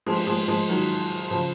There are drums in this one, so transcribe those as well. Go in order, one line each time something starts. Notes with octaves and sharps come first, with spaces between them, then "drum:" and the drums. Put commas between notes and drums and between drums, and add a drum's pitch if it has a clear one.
F3 G#3, drum: cymbal
F3 G#3
F3 G#3
D#3 F#3
C#3 F3